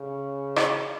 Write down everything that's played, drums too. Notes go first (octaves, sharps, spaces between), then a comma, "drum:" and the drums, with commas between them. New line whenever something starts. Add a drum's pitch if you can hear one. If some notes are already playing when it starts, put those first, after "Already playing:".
Already playing: C#3
drum: rim click